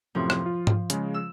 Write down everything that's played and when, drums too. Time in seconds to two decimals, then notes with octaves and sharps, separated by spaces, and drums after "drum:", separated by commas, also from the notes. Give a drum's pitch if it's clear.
0.15 F#2 A2 C3 F3
0.30 drum: rim click
0.46 F4
0.67 drum: tom G#2
0.90 C#3 G#3, drum: hi-hat
1.14 E6